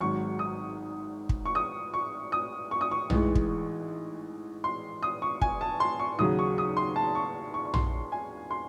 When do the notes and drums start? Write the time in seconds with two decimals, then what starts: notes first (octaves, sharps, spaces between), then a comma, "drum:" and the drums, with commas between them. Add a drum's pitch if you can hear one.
0.01 G#1 G#2 F#3 C#6
0.39 D#6
1.29 drum: kick
1.45 C#6
1.55 D#6
1.94 C#6
2.32 D#6
2.71 C#6
2.81 D#6
2.91 C#6
3.10 A1 G#2 E3 G#3, drum: tom A#1
3.35 drum: kick
4.64 C6
5.03 D#6
5.22 C#6
5.41 G#5, drum: kick
5.61 A5
5.80 C6
5.99 C#6
6.19 D#2 C#3 F#3 D#6
6.39 C#6
6.58 D#6
6.77 C6
6.96 A5
7.15 C#6
7.54 C#6
7.65 C#6
7.74 C6, drum: tom A#1
8.12 G#5
8.51 C6